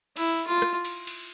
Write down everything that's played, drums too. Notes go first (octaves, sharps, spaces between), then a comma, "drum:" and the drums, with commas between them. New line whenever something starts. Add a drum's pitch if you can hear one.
E4, drum: cymbal
F4
drum: rim click
drum: cymbal
drum: cymbal